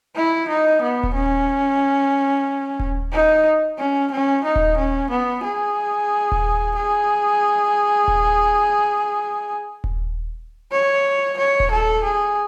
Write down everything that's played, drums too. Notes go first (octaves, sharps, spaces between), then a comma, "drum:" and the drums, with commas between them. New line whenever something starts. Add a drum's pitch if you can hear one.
E4
D#4
B3
drum: kick D#1
C#4
drum: kick D#1
D#4
C#4
C#4
D#4
drum: kick D#1
C#4
B3
G#4
drum: kick D#1
G#4
drum: kick D#1
drum: kick D#1
C#5
C#5
drum: kick D#1
A4
G#4